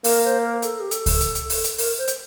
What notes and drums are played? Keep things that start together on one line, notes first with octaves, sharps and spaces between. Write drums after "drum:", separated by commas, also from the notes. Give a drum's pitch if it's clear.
A#3 A#4, drum: open hi-hat
C5
A#4
A4, drum: hi-hat
G4
A4, drum: hi-hat
drum: kick C#2, open hi-hat
drum: hi-hat
drum: hi-hat
drum: open hi-hat
drum: hi-hat
A#4, drum: open hi-hat
C5
drum: hi-hat